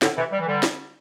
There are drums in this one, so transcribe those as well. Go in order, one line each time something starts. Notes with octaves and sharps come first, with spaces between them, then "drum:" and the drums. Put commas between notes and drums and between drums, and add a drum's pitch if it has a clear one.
A2 D3, drum: snare
C3 E3
G3
E3
D3 G3
drum: snare